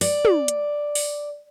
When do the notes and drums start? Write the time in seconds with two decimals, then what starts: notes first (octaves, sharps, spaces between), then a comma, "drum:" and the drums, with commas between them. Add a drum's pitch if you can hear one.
0.01 D5, drum: open hi-hat
0.25 drum: tom
0.48 drum: hi-hat
0.95 drum: open hi-hat